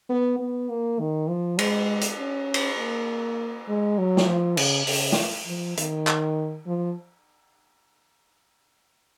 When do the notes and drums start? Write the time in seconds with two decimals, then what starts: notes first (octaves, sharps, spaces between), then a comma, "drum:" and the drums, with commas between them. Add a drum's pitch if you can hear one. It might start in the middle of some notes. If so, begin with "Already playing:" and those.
0.09 B3
0.39 B3
0.69 A#3
0.99 D#3
1.29 F3
1.59 G#3, drum: cymbal
2.01 drum: hi-hat
2.19 C#4
2.54 drum: cymbal
2.78 A#3
3.68 G#3
3.98 F#3
4.17 drum: snare
4.28 F3
4.57 C#3, drum: cymbal
4.87 C#3, drum: open hi-hat
5.12 drum: snare
5.47 F3
5.77 D#3, drum: hi-hat
6.07 drum: clap
6.67 F3